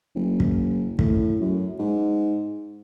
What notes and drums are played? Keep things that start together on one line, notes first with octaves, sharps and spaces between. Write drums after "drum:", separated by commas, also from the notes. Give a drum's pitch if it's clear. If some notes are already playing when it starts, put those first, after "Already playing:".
F#1
drum: kick
A2, drum: kick
F#2
G#2